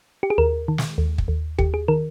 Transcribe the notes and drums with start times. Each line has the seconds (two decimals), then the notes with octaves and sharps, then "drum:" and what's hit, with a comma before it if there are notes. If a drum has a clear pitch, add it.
0.23 G4
0.30 G#4
0.38 D#2 A#4
0.68 D#3
0.78 drum: snare
0.98 D#2
1.18 drum: kick
1.28 D#2
1.59 D#2 G4, drum: kick
1.74 G#4
1.88 D#3 A#4